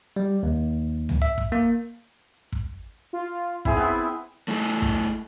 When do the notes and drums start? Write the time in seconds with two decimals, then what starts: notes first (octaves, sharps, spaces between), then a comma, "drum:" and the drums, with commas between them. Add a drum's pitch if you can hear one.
0.16 G3
0.43 D#2
1.09 drum: tom C#2
1.22 E5
1.38 drum: kick
1.52 A#3
2.52 drum: kick
3.13 F4
3.65 C4 E4 G#4, drum: kick
3.77 B3 C4 E4
4.48 A3 E4 G#4
4.82 drum: kick